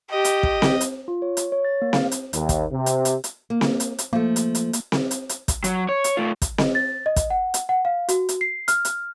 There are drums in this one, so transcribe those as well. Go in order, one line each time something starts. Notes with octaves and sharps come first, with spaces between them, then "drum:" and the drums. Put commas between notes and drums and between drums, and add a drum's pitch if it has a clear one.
G4 D#5
drum: hi-hat
drum: kick
drum: snare C4
drum: hi-hat
F4
C#5
drum: hi-hat
C#5
A6
A#3
F5, drum: snare C4
drum: hi-hat
D#2, drum: hi-hat
drum: kick, hi-hat
C3
drum: hi-hat
drum: hi-hat
drum: hi-hat
A#3
drum: snare C4
drum: hi-hat
drum: hi-hat
F3 A3 A#3
drum: hi-hat
drum: hi-hat
drum: hi-hat
drum: snare C4
drum: hi-hat
drum: hi-hat
drum: kick, hi-hat
F#3, drum: hi-hat
C#5
drum: hi-hat
A3 F4
drum: kick, hi-hat
D#5, drum: snare C4
A6
D#5
drum: kick, hi-hat
F#5
drum: hi-hat
F#5
F5
F#4, drum: hi-hat
drum: hi-hat
C7
F6, drum: hi-hat
drum: hi-hat